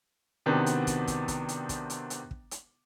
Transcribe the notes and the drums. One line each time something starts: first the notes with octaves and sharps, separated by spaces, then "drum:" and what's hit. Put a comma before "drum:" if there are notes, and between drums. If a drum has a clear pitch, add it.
C3 D#3 B3 C4 D4 F#4
drum: hi-hat
drum: kick, hi-hat
drum: kick, hi-hat
drum: kick, hi-hat
drum: hi-hat
drum: kick, hi-hat
drum: hi-hat
drum: hi-hat
drum: kick
drum: hi-hat